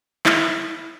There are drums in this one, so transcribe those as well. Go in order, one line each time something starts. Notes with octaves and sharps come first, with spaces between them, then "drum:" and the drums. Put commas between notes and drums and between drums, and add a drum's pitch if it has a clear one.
E4, drum: clap